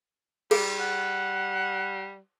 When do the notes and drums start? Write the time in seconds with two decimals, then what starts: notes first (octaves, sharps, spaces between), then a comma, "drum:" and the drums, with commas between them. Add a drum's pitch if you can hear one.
0.51 G3 G#4, drum: cymbal
0.80 F#5